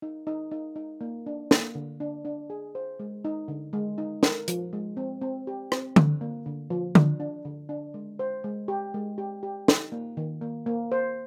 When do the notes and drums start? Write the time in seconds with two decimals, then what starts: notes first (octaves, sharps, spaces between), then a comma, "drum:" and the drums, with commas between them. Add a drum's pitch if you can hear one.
0.02 D#4
0.27 D#4
0.51 D#4
0.76 D#4
1.01 A#3
1.26 D4
1.51 A#3, drum: snare
1.75 D3
2.00 D4
2.25 D4
2.50 G#4
2.75 C5
2.99 G#3
3.25 D#4
3.48 D3
3.73 G#3
3.98 D#4
4.23 A#4, drum: snare
4.48 F3, drum: hi-hat
4.73 G#3
4.97 C4
5.21 C4
5.47 G4
5.72 C4, drum: rim click
5.96 D3, drum: tom D3
6.21 A#3
6.46 D3
6.70 F3
6.95 D4, drum: tom D3
7.20 D4
7.45 D3
7.69 D4
7.94 G#3
8.19 C5
8.44 G#3
8.68 G4
8.94 G#3
9.18 G4
9.43 G4
9.68 D#4, drum: snare
9.92 A#3
10.17 D#3
10.42 A#3
10.66 A#3
10.92 C5